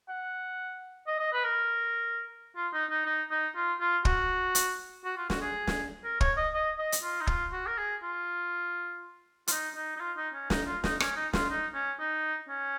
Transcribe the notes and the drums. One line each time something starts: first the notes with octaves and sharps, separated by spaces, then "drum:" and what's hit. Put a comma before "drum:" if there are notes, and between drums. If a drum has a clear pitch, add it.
F#5
D#5
D#5
B4
A#4
F4
D#4
D#4
D#4
D#4
F4
F4
F#4, drum: kick
drum: hi-hat
F#4
F4
F#4, drum: snare
G#4
drum: snare
A#4
C#5, drum: kick
D#5
D#5
D#5
drum: hi-hat
F4
D#4
F4, drum: kick
F#4
A#4
G#4
F4
F4, drum: hi-hat
D#4
D#4
D#4
F4
D#4
C#4
D#4, drum: snare
F4
D#4, drum: snare
C#4, drum: rim click
D#4
F4, drum: snare
D#4
C#4
D#4
C#4